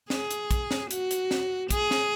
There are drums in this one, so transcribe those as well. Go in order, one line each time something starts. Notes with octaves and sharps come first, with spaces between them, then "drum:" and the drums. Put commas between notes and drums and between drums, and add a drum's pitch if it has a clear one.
G#4, drum: snare
drum: hi-hat
drum: kick, hi-hat
drum: snare
F#4, drum: hi-hat
drum: hi-hat
drum: snare
G#4, drum: kick, hi-hat
drum: snare